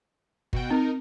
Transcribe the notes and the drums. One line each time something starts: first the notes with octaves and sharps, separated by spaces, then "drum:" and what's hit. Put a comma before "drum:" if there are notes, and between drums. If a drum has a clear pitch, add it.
B2 F#4 G5, drum: kick G1
C4 D#4 A#4